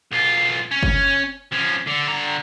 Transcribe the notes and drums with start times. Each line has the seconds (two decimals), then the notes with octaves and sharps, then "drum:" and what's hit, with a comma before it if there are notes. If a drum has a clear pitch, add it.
0.12 B1 F4
0.71 C#4
0.83 drum: kick G1
1.52 F3 C#4
1.87 D3
2.08 D3 A#5